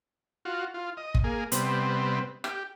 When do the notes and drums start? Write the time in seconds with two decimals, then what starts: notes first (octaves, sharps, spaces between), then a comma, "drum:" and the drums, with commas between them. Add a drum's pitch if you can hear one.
0.45 F4 F#4
0.74 F4
0.97 D#5
1.14 drum: kick
1.24 A#3 G#4
1.52 C3 G3 B3 C4, drum: hi-hat
2.44 G4, drum: rim click